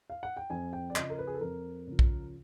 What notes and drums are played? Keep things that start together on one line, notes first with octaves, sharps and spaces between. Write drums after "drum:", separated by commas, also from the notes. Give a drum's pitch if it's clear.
F5
F#5
G5
F2 G#5
G5
D5
C#3 F3 D#5, drum: clap
A#4
B4
G#4
A4
F2 A#4
C#3 F3
drum: kick A#1